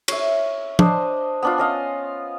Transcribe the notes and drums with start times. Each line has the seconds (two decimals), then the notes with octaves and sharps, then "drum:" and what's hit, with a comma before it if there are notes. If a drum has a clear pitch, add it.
0.08 C#5 E5, drum: cymbal
0.79 D4 C5 D#5, drum: tom
1.42 B3 D4 F4
1.58 C#4 D#5 F5